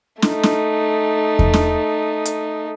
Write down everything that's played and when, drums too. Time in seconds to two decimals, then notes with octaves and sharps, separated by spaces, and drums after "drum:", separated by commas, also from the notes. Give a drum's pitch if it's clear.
0.22 A3 D#4, drum: snare
0.43 drum: snare
1.39 drum: kick E2
1.54 drum: snare
2.25 drum: hi-hat